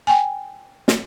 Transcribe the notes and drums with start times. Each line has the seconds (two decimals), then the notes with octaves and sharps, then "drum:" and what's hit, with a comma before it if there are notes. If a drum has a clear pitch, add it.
0.07 G5 G#5
0.88 drum: snare